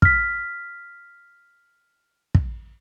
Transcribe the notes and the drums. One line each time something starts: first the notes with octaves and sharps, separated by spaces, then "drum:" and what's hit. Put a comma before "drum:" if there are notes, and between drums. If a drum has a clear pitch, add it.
F6 B6, drum: kick
drum: kick